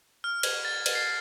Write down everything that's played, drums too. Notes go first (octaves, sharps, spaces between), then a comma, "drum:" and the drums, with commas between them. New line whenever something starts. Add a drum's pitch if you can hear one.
F6
G#6, drum: cymbal
A6
drum: cymbal
C7